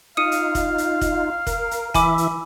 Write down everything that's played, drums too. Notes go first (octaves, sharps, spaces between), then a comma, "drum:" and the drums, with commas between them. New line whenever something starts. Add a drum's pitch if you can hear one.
D#4 F4 F5 D#6 C#7 D#7
drum: hi-hat
drum: kick, hi-hat
drum: hi-hat
drum: kick, hi-hat
A#4, drum: kick, hi-hat
drum: hi-hat
E3 E5 G#5 B5 D6, drum: kick, hi-hat
drum: hi-hat